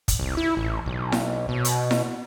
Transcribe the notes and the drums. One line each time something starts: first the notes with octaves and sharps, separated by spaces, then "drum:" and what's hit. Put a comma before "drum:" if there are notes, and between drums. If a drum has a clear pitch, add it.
drum: kick, hi-hat
C2
E4
A1
B1
drum: snare E4
B2
drum: hi-hat
drum: snare E4